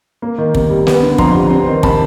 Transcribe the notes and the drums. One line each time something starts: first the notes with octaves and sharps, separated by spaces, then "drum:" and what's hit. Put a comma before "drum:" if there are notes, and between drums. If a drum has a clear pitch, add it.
A#3
D#3
C3, drum: kick
G3
B3, drum: snare
D3
F2 A#5 C6, drum: kick
G3
C4
D#3
C3 A5 B5, drum: kick